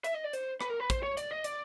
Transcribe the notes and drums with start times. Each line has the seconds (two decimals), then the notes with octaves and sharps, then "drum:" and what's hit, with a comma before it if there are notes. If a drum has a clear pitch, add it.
0.04 E5, drum: hi-hat
0.14 D#5
0.24 D5
0.33 C5, drum: hi-hat
0.61 B4, drum: rim click
0.70 A#4
0.80 B4
0.90 C5, drum: kick, hi-hat
1.03 C#5
1.17 D5, drum: hi-hat
1.31 D#5
1.44 D5, drum: hi-hat